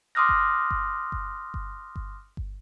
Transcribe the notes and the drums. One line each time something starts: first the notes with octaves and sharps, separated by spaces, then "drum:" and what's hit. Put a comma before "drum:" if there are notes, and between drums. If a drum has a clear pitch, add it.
C6 D6 D#6 F6 F#6 A#6
drum: kick G1
drum: kick G1
drum: kick G1
drum: kick G1
drum: kick G1
drum: kick G1